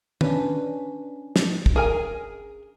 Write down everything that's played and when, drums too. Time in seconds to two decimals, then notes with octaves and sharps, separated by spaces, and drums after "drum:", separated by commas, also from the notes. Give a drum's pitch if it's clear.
0.21 C#4 D4 B4, drum: tom
1.36 drum: snare
1.66 drum: kick
1.76 G#4 A#4 G#5